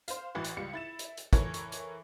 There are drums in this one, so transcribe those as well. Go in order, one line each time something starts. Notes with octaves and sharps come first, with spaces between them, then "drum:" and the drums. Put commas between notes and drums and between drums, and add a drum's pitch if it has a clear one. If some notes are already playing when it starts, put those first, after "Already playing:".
C5 F5, drum: hi-hat
A1 E3 E4 F#4
drum: hi-hat
C#2 G3 C#7
E4 A6 E7
drum: hi-hat
drum: hi-hat
E3 A4 A#4 C#5 C#6, drum: kick, hi-hat
drum: hi-hat
drum: hi-hat